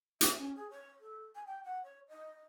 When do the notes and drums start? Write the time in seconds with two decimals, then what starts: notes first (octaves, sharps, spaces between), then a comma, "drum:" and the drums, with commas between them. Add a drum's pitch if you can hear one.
0.21 E5, drum: hi-hat
0.38 C#4
0.56 G#4
0.70 C#5
1.00 A4
1.35 G#5
1.46 G5
1.63 F#5
1.84 C#5
2.09 D#5